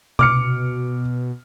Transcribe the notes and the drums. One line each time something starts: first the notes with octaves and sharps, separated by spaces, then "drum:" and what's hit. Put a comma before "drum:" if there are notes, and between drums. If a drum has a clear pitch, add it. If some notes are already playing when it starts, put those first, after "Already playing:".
B2 D6 F6 C#7, drum: tom C3